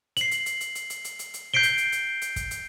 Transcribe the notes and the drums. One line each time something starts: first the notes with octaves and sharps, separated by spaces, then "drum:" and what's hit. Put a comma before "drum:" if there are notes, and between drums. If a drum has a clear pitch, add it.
C7 F#7, drum: hi-hat
drum: hi-hat
drum: hi-hat
drum: hi-hat
drum: hi-hat
drum: hi-hat
drum: hi-hat
drum: hi-hat
drum: hi-hat
G6 B6 C7 D7 G7
drum: hi-hat
drum: hi-hat
drum: hi-hat
drum: hi-hat
drum: kick, hi-hat
drum: hi-hat